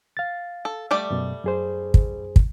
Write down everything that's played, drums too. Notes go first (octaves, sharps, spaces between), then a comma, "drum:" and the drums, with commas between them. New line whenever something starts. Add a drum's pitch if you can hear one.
F5 A6
A4
G3 A3 D5
F#2 B2
F#2 G#4 C5
drum: kick
drum: kick